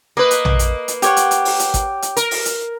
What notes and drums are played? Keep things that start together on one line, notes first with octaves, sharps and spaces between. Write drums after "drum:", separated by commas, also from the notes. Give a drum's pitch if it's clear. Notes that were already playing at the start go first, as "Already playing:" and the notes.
A#3 B4 D#5
drum: hi-hat
drum: tom A#1
drum: hi-hat
drum: hi-hat
G4 C#5 F#5, drum: hi-hat
drum: hi-hat
drum: hi-hat
drum: open hi-hat
drum: hi-hat
drum: kick G#1, hi-hat
drum: hi-hat
A#4, drum: hi-hat
drum: open hi-hat
drum: hi-hat